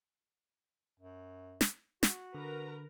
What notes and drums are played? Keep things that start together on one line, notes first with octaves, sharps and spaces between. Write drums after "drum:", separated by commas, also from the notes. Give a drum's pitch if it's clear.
F#2
drum: snare
F#4, drum: snare
D3 A#4 B4 A#5